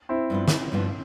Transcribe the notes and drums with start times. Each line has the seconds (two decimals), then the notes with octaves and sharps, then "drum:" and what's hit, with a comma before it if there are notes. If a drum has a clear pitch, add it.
0.09 C4 E4
0.30 G2 F3 B3 F4
0.48 drum: snare
0.72 G2 F3 B3 F4